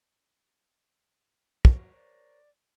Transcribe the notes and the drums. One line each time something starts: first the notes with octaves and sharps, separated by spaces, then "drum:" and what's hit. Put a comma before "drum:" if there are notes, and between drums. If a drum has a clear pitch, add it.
F#3 A#4 C5 C#5, drum: kick
D5